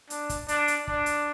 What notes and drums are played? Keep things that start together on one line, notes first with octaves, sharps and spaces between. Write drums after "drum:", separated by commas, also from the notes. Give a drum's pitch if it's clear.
D4, drum: hi-hat
drum: kick, hi-hat
D4, drum: hi-hat
drum: hi-hat
D4, drum: kick
drum: hi-hat